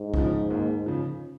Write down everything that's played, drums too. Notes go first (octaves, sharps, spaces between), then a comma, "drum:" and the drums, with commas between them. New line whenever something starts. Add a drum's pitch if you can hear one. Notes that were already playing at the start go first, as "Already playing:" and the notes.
Already playing: G#2
C#3 F3, drum: kick
D#2
C#3 F3